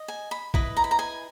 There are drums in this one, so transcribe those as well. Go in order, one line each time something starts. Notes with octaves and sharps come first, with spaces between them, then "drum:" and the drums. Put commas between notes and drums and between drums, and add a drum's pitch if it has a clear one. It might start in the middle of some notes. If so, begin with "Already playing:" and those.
Already playing: D#5
G#5
B5
E4 B4 D#5 B5, drum: kick
A#5
B5
A#5
G#5